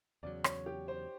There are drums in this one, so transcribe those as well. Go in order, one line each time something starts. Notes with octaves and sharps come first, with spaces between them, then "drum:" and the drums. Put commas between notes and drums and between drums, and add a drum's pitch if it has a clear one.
E2 C#3 F#3 D5
C#5, drum: rim click
G4
C5